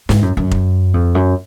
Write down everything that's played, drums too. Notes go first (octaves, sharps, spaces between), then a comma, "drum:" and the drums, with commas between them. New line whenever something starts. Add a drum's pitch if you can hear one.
G#2, drum: snare
F#2
F#2
drum: kick F1
F2
F#2